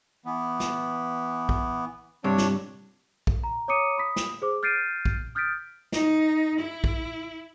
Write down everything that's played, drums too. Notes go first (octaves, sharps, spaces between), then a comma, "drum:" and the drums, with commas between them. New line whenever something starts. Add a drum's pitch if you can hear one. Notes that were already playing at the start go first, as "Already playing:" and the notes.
E3 B3
drum: snare
drum: kick A#1
G2 C3 D4 C#5
drum: snare
drum: kick A#1
A#5
C#5 A#5 D6 D#6 C#7 D#7
B5 D#6 B6
drum: snare
G#4 C5 D6
F6 G6 A6 C7 D7 D#7
drum: kick A#1
D#6 F6 G6 A6 B6 D7
D#4, drum: snare
E4
drum: kick A#1